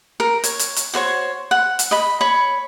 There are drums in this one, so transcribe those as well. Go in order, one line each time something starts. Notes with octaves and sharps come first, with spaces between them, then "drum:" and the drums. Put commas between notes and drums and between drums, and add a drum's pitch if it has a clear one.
A#4
C#5, drum: hi-hat
drum: hi-hat
drum: hi-hat
F#4 C5 C#5 C#6
F#5
drum: hi-hat
D#5 B5
C#5 B5